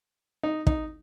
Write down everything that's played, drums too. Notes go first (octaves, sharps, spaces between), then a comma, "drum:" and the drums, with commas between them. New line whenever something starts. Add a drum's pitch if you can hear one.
D#4
D#4, drum: kick